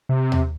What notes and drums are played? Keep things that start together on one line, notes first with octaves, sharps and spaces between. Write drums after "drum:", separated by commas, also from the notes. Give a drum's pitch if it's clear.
C3
drum: tom D#2